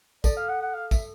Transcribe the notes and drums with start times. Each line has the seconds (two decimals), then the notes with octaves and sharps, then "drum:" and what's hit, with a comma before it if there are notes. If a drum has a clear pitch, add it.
0.24 A4 D5, drum: kick, tambourine
0.37 F5
0.49 F#5
0.62 F#5
0.74 F5
0.91 E5, drum: kick, tambourine